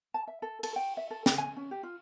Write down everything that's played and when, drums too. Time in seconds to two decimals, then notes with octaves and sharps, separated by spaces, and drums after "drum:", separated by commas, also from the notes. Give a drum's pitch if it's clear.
0.14 A5
0.27 E5
0.42 A4
0.63 A4, drum: cymbal
0.76 G5
0.97 E5
1.11 A4
1.26 G5, drum: snare
1.38 G#5
1.56 C#4
1.71 G4
1.83 F4